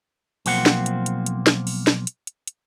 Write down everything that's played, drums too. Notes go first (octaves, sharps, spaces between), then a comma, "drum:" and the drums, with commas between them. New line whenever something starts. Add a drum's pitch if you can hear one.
B1 F3 A#3 C4 F#5, drum: open hi-hat
drum: snare
drum: hi-hat
drum: hi-hat
drum: hi-hat
drum: snare
drum: open hi-hat
drum: snare
drum: hi-hat
drum: hi-hat
drum: hi-hat